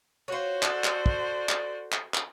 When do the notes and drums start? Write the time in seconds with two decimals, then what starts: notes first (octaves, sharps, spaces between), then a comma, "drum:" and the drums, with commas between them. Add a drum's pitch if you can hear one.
0.28 F4 F#4 C5 C#5
0.62 A4 D5 F#5, drum: clap
0.84 drum: clap
1.06 drum: kick
1.49 drum: clap
1.92 drum: clap
2.14 drum: clap